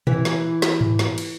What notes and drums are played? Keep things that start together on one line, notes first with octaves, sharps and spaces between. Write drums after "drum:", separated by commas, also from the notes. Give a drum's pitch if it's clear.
E3, drum: tom A#2
drum: snare
drum: snare
drum: tom G#2
drum: snare
drum: cymbal